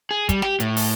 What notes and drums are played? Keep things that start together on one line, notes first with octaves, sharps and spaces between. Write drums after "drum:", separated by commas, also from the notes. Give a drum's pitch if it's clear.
G#4
G3, drum: kick, hi-hat
G4, drum: snare
A2, drum: hi-hat
drum: open hi-hat